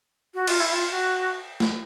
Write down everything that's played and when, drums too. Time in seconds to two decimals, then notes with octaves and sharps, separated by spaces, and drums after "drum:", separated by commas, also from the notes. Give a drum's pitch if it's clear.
0.34 F#4
0.47 F4, drum: cymbal
0.60 E4
0.72 F4
0.91 F#4
1.60 drum: snare